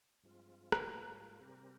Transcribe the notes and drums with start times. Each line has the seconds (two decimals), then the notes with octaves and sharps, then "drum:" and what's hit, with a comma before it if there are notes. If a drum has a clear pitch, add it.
0.23 G2 F3 G#3 C4 F4
0.72 drum: rim click
0.82 G#2 G3 A#3 F4
1.40 C3 G3 C4 G4 A#4